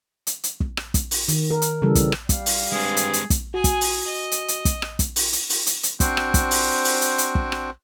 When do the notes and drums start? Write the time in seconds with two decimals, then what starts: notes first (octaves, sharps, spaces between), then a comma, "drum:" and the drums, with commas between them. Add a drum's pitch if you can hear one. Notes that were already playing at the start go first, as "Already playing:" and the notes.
0.27 drum: hi-hat
0.44 drum: hi-hat
0.60 drum: kick
0.77 drum: rim click
0.94 drum: kick, hi-hat
1.11 drum: open hi-hat
1.28 D#3, drum: hi-hat
1.51 A#4
1.62 drum: hi-hat
1.82 C#3 E3 G3 A4
1.95 drum: kick, hi-hat
2.12 drum: rim click
2.29 G3 F5, drum: kick, hi-hat
2.46 drum: open hi-hat
2.72 G2 G#3 C4 G#4
2.97 drum: hi-hat
3.13 drum: hi-hat
3.30 drum: kick, hi-hat
3.54 F#4 G#4 G#5
3.64 drum: kick, hi-hat
3.81 drum: open hi-hat
4.07 D#5
4.32 drum: hi-hat
4.48 drum: hi-hat
4.65 drum: kick, hi-hat
4.82 drum: rim click
4.99 drum: kick, hi-hat
5.16 drum: open hi-hat
5.33 drum: hi-hat
5.50 drum: open hi-hat
5.66 drum: hi-hat
5.83 drum: hi-hat
6.00 C4 D4 F#4 C5, drum: kick, hi-hat
6.17 drum: rim click
6.34 drum: kick, hi-hat
6.51 drum: open hi-hat
6.85 drum: open hi-hat
7.01 drum: hi-hat
7.18 drum: hi-hat
7.35 drum: kick
7.52 drum: rim click